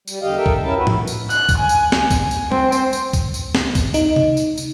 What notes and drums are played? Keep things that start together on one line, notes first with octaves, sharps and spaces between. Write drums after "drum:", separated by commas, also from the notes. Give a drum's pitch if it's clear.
G3, drum: tambourine
E2 D3 G4 D#5 F5
A4 A#4 E5 G5
drum: kick C2
C#4 E4 A#4 E5 A5
E4 F#4 B4
drum: tom
drum: tambourine
F#6, drum: tambourine
drum: kick C2, tambourine
G#5
drum: tambourine
G#5, drum: snare
drum: kick C2, tambourine
drum: tambourine
C4, drum: tom
drum: tambourine
drum: tambourine
drum: kick C2, tambourine
drum: tambourine
drum: snare
drum: kick C2, tambourine
D#4, drum: tambourine
drum: tom C3
drum: tambourine
drum: tambourine